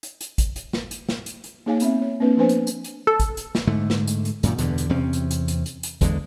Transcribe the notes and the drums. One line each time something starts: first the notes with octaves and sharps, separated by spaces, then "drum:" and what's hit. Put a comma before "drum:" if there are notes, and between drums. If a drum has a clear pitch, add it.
drum: hi-hat
drum: hi-hat
drum: kick A1, hi-hat
drum: hi-hat
drum: snare
drum: hi-hat
drum: snare
drum: hi-hat
drum: hi-hat
A#3 D#4 G#4 C#5 F5 G#5
B3 C4 E5, drum: hi-hat
C#5
A#3 C4 D4 B4
F3 B3 D4 B4 C5 G#5
drum: hi-hat
drum: hi-hat
drum: hi-hat
A4
drum: kick A1, hi-hat
drum: hi-hat
drum: snare
G#2 D3 A3
drum: snare
drum: hi-hat
drum: hi-hat
F#2 A#2 D#3, drum: hi-hat
E2 G2 B2 D3, drum: hi-hat
drum: hi-hat
E2 C3 C4 C#4
drum: hi-hat
drum: hi-hat
drum: hi-hat
drum: hi-hat
drum: hi-hat
E2 D3 G#3, drum: kick A1, hi-hat